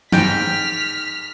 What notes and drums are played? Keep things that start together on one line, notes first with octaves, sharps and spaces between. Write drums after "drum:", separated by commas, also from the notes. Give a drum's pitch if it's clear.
G#2 G5 F6 B6, drum: snare